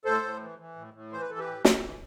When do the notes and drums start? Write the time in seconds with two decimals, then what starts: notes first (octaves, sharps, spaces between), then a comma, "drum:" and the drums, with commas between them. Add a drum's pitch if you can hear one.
0.05 A2 A4 C5
0.22 A2
0.41 E3
0.59 E3
0.76 A2
0.94 A2
1.12 E3 C5
1.21 B4
1.29 E3 A4
1.39 G4 B4
1.47 A2
1.65 A2, drum: snare
1.83 E3